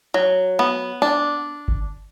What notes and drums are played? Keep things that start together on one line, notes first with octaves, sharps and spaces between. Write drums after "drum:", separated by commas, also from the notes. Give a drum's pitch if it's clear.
F#3
B3
D4
drum: kick G1